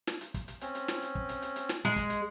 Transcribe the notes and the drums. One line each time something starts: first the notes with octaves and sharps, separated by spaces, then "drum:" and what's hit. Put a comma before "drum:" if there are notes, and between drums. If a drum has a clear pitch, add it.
drum: snare
drum: hi-hat
drum: kick, hi-hat
drum: hi-hat
C4 C#4, drum: hi-hat
drum: hi-hat
drum: snare
drum: hi-hat
drum: kick
drum: hi-hat
drum: hi-hat
drum: hi-hat
drum: snare
G#3, drum: hi-hat
drum: kick, hi-hat
drum: hi-hat